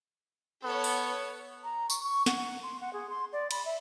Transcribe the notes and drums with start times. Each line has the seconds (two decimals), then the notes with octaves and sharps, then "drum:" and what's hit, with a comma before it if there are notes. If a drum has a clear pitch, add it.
0.64 B3 A4 C#5
0.84 drum: open hi-hat
1.64 A#5
1.90 C#6, drum: tambourine
2.04 C#6
2.26 F#5, drum: snare
2.63 C6
2.81 F#5
2.93 G#4
3.10 C6
3.33 D5
3.51 B5, drum: cymbal
3.65 E5